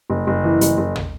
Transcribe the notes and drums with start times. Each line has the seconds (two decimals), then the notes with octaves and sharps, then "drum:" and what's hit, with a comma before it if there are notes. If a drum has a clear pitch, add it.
0.10 F#1
0.27 F#1
0.44 E3
0.61 F#1, drum: hi-hat
0.77 F#1
0.96 drum: tom